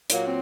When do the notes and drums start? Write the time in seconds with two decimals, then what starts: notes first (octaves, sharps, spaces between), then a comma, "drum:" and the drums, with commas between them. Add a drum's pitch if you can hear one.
0.10 A#2 F#3 A#3, drum: hi-hat
0.24 C4